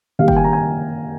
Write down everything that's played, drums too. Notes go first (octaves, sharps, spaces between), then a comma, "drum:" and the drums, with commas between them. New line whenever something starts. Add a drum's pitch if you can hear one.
D#3 G3 A#3 F5
G5, drum: kick G1
G#5
A#5
G#5